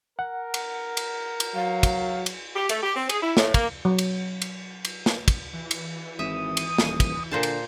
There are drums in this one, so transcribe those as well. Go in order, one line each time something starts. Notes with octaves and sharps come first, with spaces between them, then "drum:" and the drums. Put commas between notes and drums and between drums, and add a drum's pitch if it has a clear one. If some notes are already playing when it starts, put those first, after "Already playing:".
A#4 F#5
drum: cymbal
drum: cymbal
drum: cymbal
F#3 F5
drum: kick, cymbal
drum: cymbal
G4
A3, drum: cymbal
G4
C4
G#4, drum: cymbal
E4
A2, drum: snare
A#3, drum: kick, cymbal
F#3
drum: cymbal
drum: cymbal
drum: cymbal
drum: snare
drum: kick, cymbal
E3
drum: cymbal
G#1 E5 D#6
drum: cymbal
D#1, drum: snare
drum: kick, cymbal
A#2 D3 C5 A5
drum: cymbal